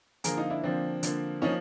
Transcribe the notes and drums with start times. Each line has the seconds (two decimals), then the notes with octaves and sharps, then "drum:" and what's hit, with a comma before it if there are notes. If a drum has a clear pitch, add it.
0.24 D3 F3 A#3 G#4 A#4, drum: hi-hat
0.37 D#4 F4
0.50 D4 E4
0.64 D3 F3 A#3 C4 D4
1.03 D3 F3 A#3, drum: hi-hat
1.42 F3 A#3 C#4 D#4